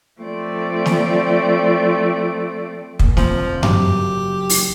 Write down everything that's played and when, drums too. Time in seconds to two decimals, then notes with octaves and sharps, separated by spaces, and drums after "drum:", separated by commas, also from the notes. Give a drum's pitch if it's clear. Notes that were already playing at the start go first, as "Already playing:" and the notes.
0.21 F3 A3 C4 D5
0.86 drum: snare
2.99 B2 A#3, drum: kick
3.17 E1 D2 F3 C4, drum: snare
3.63 F#1 F#3 G4, drum: tom F#2
4.49 drum: open hi-hat